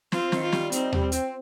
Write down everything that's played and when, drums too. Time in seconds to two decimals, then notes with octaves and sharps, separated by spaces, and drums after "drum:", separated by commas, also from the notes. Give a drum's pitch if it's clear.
0.12 C4 F4, drum: snare
0.32 D#3, drum: snare
0.42 F4
0.52 G3, drum: snare
0.72 C4 D#4, drum: hi-hat
0.92 G3, drum: tom D#2
1.12 C4, drum: hi-hat